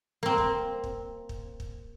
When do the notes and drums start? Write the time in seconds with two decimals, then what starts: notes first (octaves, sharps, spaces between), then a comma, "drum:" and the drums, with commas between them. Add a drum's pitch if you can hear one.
0.23 A#3 C4
0.38 drum: kick
0.84 drum: kick
1.29 drum: kick
1.60 drum: kick